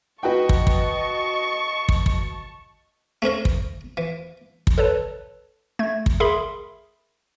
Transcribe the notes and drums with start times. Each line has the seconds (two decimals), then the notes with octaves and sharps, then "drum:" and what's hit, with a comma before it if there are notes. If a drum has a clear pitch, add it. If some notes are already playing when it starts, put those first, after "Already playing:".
0.23 F#4 B4 D#5 G5 A5 C#6
0.49 drum: kick
0.67 drum: kick
1.89 drum: kick
2.06 drum: kick
3.22 A3 C4 C#4 A#4
3.45 drum: kick
3.97 E3
4.67 drum: kick
4.78 A4 B4 C#5 A5
5.79 A3 G#6
6.06 drum: kick
6.20 G#4 A#4 E5 B5 C6